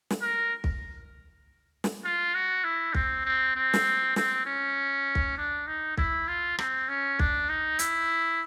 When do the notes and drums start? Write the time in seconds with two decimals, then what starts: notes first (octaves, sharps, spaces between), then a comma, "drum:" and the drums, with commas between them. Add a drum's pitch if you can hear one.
0.10 drum: snare
0.22 A#4
0.64 drum: kick
1.84 drum: snare
2.04 F4
2.34 F#4
2.64 E4
2.94 C4, drum: kick
3.25 C4
3.55 C4
3.74 drum: snare
4.16 C4, drum: snare
4.46 C#4
5.15 drum: kick
5.37 D4
5.67 D#4
5.97 E4, drum: kick
6.28 F4
6.59 C4, drum: rim click
6.89 C#4
7.19 D4, drum: kick
7.49 D#4
7.79 E4, drum: hi-hat